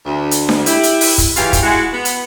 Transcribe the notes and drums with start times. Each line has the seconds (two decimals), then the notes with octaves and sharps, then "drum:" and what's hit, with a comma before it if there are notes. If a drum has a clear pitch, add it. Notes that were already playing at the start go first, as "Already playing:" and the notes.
0.06 D2
0.31 drum: hi-hat
0.49 drum: snare D4
0.66 E4 G4, drum: hi-hat
0.83 drum: hi-hat
1.01 drum: open hi-hat
1.18 drum: kick, hi-hat
1.36 C#3 E3 F#3 F4 G4 F5, drum: hi-hat
1.53 drum: kick, hi-hat
1.63 G#3 E4 F#4
1.93 B3
2.05 drum: hi-hat